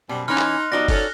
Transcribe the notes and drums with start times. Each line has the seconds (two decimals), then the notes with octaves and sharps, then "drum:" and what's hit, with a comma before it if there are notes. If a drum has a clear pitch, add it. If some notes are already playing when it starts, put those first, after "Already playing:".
0.09 F#2 B2 G3 C4
0.28 E3 C#4 D#4 C6 F6 F#6
0.38 drum: clap
0.72 F3 G3 B3 D#4 F#4 D5 A#6 G7
0.88 C#4 A4, drum: kick F#1, open hi-hat